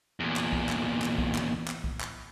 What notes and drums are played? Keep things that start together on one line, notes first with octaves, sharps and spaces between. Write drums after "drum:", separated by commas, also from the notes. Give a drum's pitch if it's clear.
E2 A#2
drum: clap
drum: kick B1
drum: clap
drum: clap
drum: kick B1
drum: clap
drum: clap
drum: kick B1
drum: clap